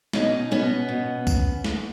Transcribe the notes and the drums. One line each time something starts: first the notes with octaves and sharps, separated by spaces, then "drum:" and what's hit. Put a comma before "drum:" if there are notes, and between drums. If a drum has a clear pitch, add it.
B2 C#4 D#4, drum: snare
B2 B3 C#4
B2
drum: kick C2, tambourine
drum: snare